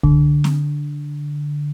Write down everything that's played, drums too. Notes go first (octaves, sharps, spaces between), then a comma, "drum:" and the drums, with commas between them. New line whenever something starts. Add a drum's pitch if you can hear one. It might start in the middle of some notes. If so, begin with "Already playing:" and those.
D3, drum: kick C2
drum: snare C4